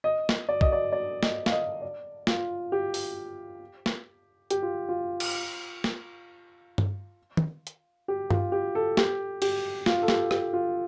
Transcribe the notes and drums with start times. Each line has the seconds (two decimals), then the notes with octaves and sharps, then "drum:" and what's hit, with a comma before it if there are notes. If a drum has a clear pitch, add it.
0.04 D#5
0.29 drum: snare
0.49 D5
0.61 D#5, drum: kick
0.73 D5
0.93 D5
1.23 D#5, drum: snare
1.46 F5, drum: snare
1.52 D#5
1.82 D5
2.27 F4, drum: snare
2.72 G4
2.94 drum: open hi-hat
3.86 drum: snare
4.50 G4, drum: hi-hat
4.63 F4
4.89 F4
5.20 drum: cymbal
5.84 drum: snare
6.78 drum: tom G2
7.37 drum: tom D#3
7.67 drum: hi-hat
8.08 G4
8.30 F4, drum: tom G2
8.52 G4
8.75 A4
8.97 G4, drum: snare
9.42 G4, drum: cymbal
9.86 F4, drum: snare
10.02 A4
10.08 G4, drum: snare
10.31 G4, drum: rim click
10.53 F4